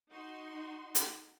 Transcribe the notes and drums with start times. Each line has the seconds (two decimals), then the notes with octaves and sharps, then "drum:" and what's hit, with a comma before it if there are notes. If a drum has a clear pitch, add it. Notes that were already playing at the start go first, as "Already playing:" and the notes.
0.10 D#4 F#4 C6
0.95 drum: hi-hat